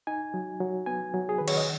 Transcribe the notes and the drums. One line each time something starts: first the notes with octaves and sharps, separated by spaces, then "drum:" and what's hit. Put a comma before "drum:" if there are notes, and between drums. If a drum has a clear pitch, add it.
D#4 G#5
F#3
F#3
B3 G#5
F#3
G#4
D#3 B4
C#5, drum: cymbal
D#5